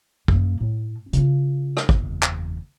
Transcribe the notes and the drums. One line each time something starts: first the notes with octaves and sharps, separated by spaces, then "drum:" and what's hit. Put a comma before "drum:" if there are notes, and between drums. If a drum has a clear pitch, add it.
F#2 A#3, drum: kick
A2
C#3 F4, drum: hi-hat
drum: rim click
F#1 E2, drum: kick
drum: clap